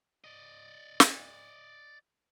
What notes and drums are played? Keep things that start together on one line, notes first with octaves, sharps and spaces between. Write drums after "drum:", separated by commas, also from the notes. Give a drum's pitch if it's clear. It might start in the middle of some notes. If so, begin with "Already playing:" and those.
D5 D#5
drum: snare